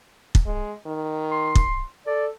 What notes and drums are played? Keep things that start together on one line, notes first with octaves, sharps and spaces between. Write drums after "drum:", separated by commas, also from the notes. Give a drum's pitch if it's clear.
drum: kick
G#3
D#3
C6
drum: kick
A4 D5